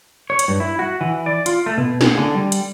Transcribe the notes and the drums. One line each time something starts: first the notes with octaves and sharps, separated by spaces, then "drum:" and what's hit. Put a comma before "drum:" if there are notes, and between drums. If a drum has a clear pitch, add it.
C#5
drum: hi-hat
G2
E4
F#4
E3
D5
F4, drum: hi-hat
A3
B2
G#4, drum: snare
D3
G3
drum: hi-hat